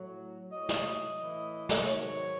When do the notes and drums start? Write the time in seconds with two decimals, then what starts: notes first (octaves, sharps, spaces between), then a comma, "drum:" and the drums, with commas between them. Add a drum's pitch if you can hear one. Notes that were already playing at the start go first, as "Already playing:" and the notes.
Already playing: A2 F#3
0.52 A2 F#3 D#5
0.69 drum: snare
1.19 A2 E3
1.69 drum: snare
1.85 G#2 D#3 F#3 C#5